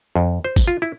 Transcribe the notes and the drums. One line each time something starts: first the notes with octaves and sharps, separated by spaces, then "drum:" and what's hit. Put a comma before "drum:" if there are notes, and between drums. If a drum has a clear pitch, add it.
F2
C5
drum: kick, tambourine
F4
E4